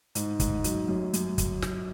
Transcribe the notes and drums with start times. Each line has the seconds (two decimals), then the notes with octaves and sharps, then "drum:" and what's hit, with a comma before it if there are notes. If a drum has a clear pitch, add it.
0.15 G#2, drum: hi-hat
0.40 G#2, drum: kick, hi-hat
0.64 F#3, drum: hi-hat
0.88 F#2
1.13 F#2, drum: hi-hat
1.38 drum: kick, hi-hat
1.62 drum: snare